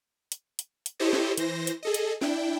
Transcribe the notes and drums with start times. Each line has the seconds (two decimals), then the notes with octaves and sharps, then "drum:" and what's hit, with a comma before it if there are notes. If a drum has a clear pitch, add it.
0.32 drum: hi-hat
0.59 drum: hi-hat
0.86 drum: hi-hat
0.99 E4 G4 A4 C5 C#5 D#5
1.13 drum: snare
1.37 E3 C5 A#6, drum: hi-hat
1.67 drum: hi-hat
1.83 G#4 A4 D#5
1.94 drum: hi-hat
2.21 D4 E4 G5, drum: snare